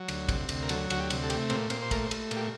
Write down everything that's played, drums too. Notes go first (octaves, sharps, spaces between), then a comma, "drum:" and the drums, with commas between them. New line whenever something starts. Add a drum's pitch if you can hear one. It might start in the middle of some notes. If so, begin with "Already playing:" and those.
Already playing: F#3
D2, drum: cymbal
C3, drum: kick, cymbal
D2, drum: cymbal
A#4
F#3 A4, drum: cymbal
D2 F#4, drum: cymbal
G4
C3, drum: cymbal
A4
A3 G4, drum: cymbal
A#2 C4, drum: cymbal
A#2 C4, drum: cymbal
C5
A3 A#4, drum: kick, cymbal
C5
A3, drum: cymbal
A#2, drum: cymbal
G4